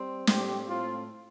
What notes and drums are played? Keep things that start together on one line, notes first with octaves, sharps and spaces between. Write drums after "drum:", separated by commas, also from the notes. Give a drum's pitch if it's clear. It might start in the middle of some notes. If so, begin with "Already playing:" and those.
Already playing: G3 C4
A2 G3 C4 G4, drum: snare
A2 A3 C4 F4